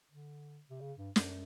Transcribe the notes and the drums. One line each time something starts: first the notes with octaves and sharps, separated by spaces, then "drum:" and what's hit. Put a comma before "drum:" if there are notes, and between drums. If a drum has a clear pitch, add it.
D3
C3
C#3
G2
F#2, drum: snare